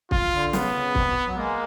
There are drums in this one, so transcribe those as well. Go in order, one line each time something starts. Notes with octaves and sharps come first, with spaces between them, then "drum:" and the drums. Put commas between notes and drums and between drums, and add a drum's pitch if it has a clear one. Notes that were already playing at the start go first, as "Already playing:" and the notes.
F4, drum: kick
D3
C#3 B3, drum: snare
C#3
C3, drum: kick
B2
F#3
G#3 A#3